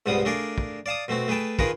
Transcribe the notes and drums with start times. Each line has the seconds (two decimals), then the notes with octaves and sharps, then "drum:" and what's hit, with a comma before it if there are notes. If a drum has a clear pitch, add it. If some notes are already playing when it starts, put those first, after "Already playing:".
0.06 C#2 G#2 C3 G3 B3 D#6
0.25 A3 D4 G#4 A#4 D5 F5
0.58 drum: kick
0.86 D5 F5 A5 D#6
1.08 B2 A3 C4 F#4
1.28 A3 G#4 B4 G5 A5
1.59 D#3 D#4 F4 G#4 A#4 B4, drum: kick